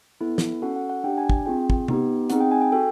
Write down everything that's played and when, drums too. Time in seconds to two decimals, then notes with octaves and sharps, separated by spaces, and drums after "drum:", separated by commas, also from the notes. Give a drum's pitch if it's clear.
0.21 B3 E4 A4
0.38 drum: snare
0.62 C#4 F#4 A4 F#5
0.76 F#5
0.90 F#5
1.04 D4 G4 G5
1.18 G#5
1.30 drum: kick
1.46 C4 F4 G#4 G5
1.70 drum: kick
1.88 B3 D#4 G4, drum: tom C3
2.30 C4 D#4 G#4 F#5, drum: hi-hat
2.40 G5
2.51 G#5
2.62 G5
2.72 F#4 A4 G5